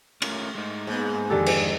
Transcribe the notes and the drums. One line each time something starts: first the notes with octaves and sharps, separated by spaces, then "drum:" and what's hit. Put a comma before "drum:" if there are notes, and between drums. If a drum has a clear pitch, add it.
A3 C#4 F4 A#4, drum: cymbal
G#3 D#4
G#2 A#3 B3
F2 D3 D#3 G4 A4
drum: cymbal